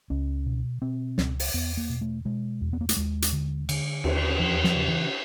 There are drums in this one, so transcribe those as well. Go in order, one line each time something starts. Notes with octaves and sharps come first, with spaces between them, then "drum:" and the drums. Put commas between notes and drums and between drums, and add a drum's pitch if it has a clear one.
C#2 C#4
B2
B2 C4
C#2, drum: snare
drum: open hi-hat
E2 B3
A#3
B2
A3
B2 G#3
E2
B3
A#3
A3, drum: hi-hat
D#2 G#3
drum: hi-hat
D3
D3, drum: cymbal
D#2, drum: cymbal
E2 F3
F3, drum: snare
C#3
E3